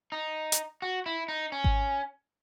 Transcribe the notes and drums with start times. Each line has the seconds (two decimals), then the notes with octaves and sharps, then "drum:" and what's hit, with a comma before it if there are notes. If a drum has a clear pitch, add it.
0.12 D#4
0.52 drum: hi-hat
0.82 F#4
1.06 E4
1.28 D#4
1.52 C#4
1.64 drum: kick G#1